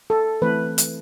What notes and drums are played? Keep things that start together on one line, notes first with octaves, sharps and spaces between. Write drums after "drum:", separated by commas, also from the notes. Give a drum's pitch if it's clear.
A4
E3 A3 C4 B4
drum: hi-hat